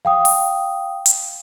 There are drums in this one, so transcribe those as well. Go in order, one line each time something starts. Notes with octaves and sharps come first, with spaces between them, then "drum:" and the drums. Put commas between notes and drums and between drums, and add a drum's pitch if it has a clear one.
F5 G5 D#6
drum: open hi-hat
drum: hi-hat